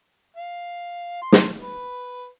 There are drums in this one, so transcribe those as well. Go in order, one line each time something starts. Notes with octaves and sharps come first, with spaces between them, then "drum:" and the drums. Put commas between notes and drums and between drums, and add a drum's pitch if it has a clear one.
F5
C6
drum: snare
B4